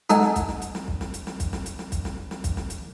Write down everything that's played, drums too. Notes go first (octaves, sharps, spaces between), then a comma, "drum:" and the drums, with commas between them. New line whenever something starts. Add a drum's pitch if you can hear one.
D#4 A4 F#5 G#5, drum: hi-hat
drum: snare
drum: kick, hi-hat
drum: snare
drum: hi-hat
drum: snare
drum: kick
drum: snare
drum: hi-hat
drum: snare
drum: kick, hi-hat
drum: snare
drum: hi-hat
drum: snare
drum: kick, hi-hat
drum: snare
drum: snare
drum: kick, hi-hat
drum: snare
drum: hi-hat